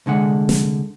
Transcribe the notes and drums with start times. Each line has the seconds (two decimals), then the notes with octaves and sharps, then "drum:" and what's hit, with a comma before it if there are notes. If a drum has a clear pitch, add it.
0.06 C2 D3 G#3 F#5
0.49 drum: snare